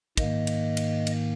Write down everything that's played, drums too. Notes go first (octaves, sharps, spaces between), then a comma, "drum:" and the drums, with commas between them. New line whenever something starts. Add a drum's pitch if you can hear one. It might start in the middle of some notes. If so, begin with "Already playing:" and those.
G#2 D#3 A#3 D#5, drum: kick, cymbal
drum: cymbal
drum: cymbal
drum: cymbal